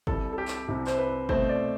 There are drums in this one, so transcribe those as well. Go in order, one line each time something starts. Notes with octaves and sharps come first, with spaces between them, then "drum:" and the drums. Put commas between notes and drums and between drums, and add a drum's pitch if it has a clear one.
C2 C3 G3 A4, drum: kick G1
A4
G4
drum: clap
C2 C3 G3 G4
C5, drum: clap
B4
B2 A3 C4 C5, drum: kick G1
D5